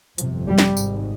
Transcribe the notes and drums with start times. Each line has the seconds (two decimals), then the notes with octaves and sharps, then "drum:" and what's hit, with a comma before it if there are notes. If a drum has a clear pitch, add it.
0.18 G1 F2 C3 F3, drum: hi-hat
0.48 G3
0.58 drum: snare
0.77 G#1 G#2, drum: tambourine